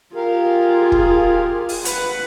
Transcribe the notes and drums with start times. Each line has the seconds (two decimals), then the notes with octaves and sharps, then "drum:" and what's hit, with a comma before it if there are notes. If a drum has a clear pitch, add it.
0.15 F4 G4 G#4 A#4 F5
0.92 drum: kick
1.69 drum: open hi-hat
1.85 B4 F#5, drum: hi-hat